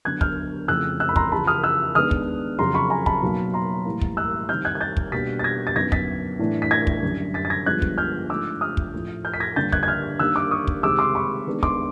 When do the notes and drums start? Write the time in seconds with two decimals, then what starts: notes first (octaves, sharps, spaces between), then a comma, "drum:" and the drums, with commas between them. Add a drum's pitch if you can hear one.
0.05 D3 F#3 B3 F#6 G#6
0.21 F6 G6, drum: kick
0.68 F2 C#3 E3 A3 E6 F#6
1.00 E6 F#6
1.09 B5
1.16 A#5 C6, drum: kick
1.32 E2 C#3 F3 A5 B5
1.47 D#6 F6
1.63 E6 F#6
1.95 D#3 G#3 B3 D4 D#6 F6
2.11 drum: kick
2.59 F2 C#3 F#3 A#5 C6
2.74 B5 C#6
2.90 G#5 A#5
3.06 A5 B5, drum: kick
3.22 B2 F#3 A#3 D#4
3.54 A#5 C6
3.85 A2 E3 G3 A#3
4.01 drum: kick
4.17 E6 F#6
4.49 D#3 G3 C4 F6 G6
4.65 F#6 G#6
4.75 G#6
4.81 G6 A6
4.97 drum: kick
5.12 B2 G3 A#3 D4 A6 B6
5.39 A6
5.44 G#6 A#6
5.67 A6
5.76 F#2 D3 F#3 B3 D#4 G#6 A#6
5.92 A6 B6, drum: kick
6.39 A2 E3 A3 D4
6.62 B6
6.71 G#6 A#6
6.87 drum: kick
7.02 F#2 D3 G3
7.34 A6 B6
7.45 A6
7.50 G#6 A#6
7.66 G2 D3 F3 G#3 B3 F#6 G#6
7.82 drum: kick
7.98 F6 G6
8.30 G#2 F3 A3 D4 D6 E6
8.61 D#6 F6
8.77 drum: kick
8.93 A2 F3 A3
9.25 F6 G6
9.34 B6
9.40 G#6 A#6
9.56 G2 D3 G3 A#3 G6 A6
9.72 F#6 G#6, drum: kick
9.83 G#6
9.88 F6 G6
10.19 D#3 G3 A#3 D4 E6 F#6
10.36 D6 E6
10.51 C#6 D#6
10.67 drum: kick
10.83 C3 D#3 G#3 C4 D6 E6
10.99 C6 D6
11.15 B5 C#6
11.47 D#3 G#3 B3 D4
11.63 C6 D6, drum: kick